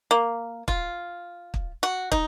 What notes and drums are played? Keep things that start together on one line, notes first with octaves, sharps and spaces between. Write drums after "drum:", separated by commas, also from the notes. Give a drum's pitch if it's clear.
A#3
F4, drum: kick
drum: kick
F#4
D#4, drum: kick